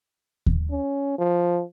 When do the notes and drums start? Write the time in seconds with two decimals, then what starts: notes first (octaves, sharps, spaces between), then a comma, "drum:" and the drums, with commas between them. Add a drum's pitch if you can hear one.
0.46 drum: kick D#2
0.71 C#4
1.18 F3